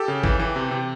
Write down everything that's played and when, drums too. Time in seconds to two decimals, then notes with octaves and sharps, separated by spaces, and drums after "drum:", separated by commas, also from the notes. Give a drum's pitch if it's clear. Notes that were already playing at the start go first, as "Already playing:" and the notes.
Already playing: G4 A4
0.08 C#3
0.24 E3, drum: kick
0.39 E3
0.56 C3
0.71 C3